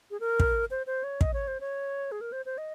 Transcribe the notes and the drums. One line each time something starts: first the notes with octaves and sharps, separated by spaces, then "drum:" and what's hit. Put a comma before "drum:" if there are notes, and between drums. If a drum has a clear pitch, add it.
G#4
A#4
drum: kick
C5
C5
C#5
D#5, drum: kick
C#5
C5
C#5
G#4
A#4
C5
C5
D#5